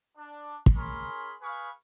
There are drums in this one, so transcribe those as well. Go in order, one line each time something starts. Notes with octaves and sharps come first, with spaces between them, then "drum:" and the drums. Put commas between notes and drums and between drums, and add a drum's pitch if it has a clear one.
D4
drum: kick
C#4 G#4 A#4 B5 C6
G#4 B4 F5 B5 C#6